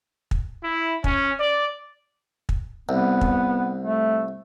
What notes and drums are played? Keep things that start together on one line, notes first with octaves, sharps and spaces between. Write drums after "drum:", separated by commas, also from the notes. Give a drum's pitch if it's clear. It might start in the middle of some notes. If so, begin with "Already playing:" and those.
drum: kick
E4
C#4, drum: kick
D5
drum: kick
C2 B3
drum: kick
A3